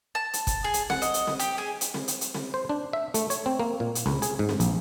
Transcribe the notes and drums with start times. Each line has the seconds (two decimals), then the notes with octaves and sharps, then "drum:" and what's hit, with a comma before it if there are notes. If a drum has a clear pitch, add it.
0.15 A5
0.33 drum: hi-hat
0.47 drum: kick, hi-hat
0.64 G#4
0.74 drum: hi-hat
0.90 F#5, drum: snare C4
1.02 D#5, drum: hi-hat
1.14 drum: hi-hat
1.27 drum: snare C4
1.39 G4, drum: hi-hat
1.58 G#4
1.81 drum: hi-hat
1.94 drum: snare C4
2.08 drum: hi-hat
2.21 drum: hi-hat
2.34 drum: snare C4
2.54 C5
2.69 D4
2.93 E5
3.14 A3, drum: hi-hat
3.30 C#5, drum: hi-hat
3.46 C4
3.59 A#3
3.80 A#2
3.95 drum: hi-hat
4.06 C#2, drum: snare C4
4.22 G#4, drum: hi-hat
4.39 G#2
4.49 drum: snare C4
4.60 A#1, drum: hi-hat